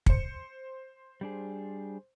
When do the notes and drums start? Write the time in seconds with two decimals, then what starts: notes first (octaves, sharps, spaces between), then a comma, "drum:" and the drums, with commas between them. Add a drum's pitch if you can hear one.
0.06 C5 C#7, drum: kick
1.21 G3 D4 G#4